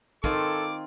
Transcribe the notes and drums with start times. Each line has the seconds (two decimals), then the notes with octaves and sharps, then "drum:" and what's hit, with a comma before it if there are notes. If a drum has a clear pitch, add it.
0.24 D#3 C4 F4 A4 G#5 C#6 D6, drum: kick